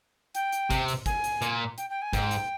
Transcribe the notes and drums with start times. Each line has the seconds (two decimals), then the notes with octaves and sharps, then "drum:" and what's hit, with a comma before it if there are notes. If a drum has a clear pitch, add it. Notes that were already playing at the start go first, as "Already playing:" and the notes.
0.35 G5, drum: hi-hat
0.52 drum: hi-hat
0.71 C3, drum: kick, hi-hat
0.88 drum: hi-hat
1.06 G#5, drum: kick, hi-hat
1.24 drum: hi-hat
1.42 A#2, drum: hi-hat
1.78 G5, drum: hi-hat
1.90 G5
2.02 G#5
2.13 G#2 G5, drum: kick, hi-hat
2.31 drum: hi-hat